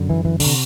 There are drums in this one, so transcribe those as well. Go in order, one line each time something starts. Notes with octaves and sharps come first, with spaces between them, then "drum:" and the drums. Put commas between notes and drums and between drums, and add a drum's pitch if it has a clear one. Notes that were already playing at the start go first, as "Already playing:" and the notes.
Already playing: F#2 D3
E3
E3
D3, drum: open hi-hat
C3